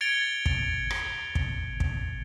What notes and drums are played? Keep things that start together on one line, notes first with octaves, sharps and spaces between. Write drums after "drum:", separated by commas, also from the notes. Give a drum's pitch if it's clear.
G#6 A6 C#7 D7 F7 G7
drum: kick
drum: rim click
drum: kick
drum: kick